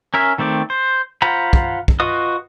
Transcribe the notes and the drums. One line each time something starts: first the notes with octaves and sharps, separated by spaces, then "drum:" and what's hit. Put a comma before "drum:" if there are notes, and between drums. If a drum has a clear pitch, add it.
C#4 A#4 E5
D#3 A3 C4 D5
C5
F4 C5 F#5 A#5 B5
drum: kick
drum: kick
F4 F#4 B4 D#5 D#6